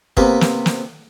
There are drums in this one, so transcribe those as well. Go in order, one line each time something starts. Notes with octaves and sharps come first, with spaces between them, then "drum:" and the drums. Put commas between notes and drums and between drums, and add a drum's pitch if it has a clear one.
C3 A#3 B3, drum: kick
drum: snare
drum: snare